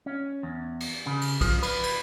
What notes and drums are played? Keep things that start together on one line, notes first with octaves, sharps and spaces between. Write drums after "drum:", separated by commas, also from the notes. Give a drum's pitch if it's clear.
C#4
E2
drum: cymbal
C#3
drum: cymbal
F3, drum: kick, cymbal
B4, drum: cymbal
drum: cymbal